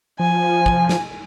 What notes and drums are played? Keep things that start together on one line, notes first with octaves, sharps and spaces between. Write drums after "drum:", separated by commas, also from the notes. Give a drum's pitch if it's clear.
F3 G#5
drum: kick
drum: snare